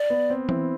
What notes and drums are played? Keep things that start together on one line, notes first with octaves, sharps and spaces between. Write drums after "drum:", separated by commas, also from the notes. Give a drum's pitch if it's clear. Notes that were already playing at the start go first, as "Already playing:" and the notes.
Already playing: D5
B3
C4
C4 E4, drum: tom E3